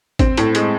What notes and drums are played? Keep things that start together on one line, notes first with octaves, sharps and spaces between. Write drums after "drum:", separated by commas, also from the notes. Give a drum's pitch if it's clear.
C4, drum: kick, hi-hat
A2, drum: hi-hat
G#3, drum: hi-hat